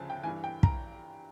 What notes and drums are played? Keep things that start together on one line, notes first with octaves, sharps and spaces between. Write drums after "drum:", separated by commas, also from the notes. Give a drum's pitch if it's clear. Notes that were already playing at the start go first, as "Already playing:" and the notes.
Already playing: D2 C#3 F3 G#5 A5
G5
G2 E3 G#5
G5
A#5, drum: kick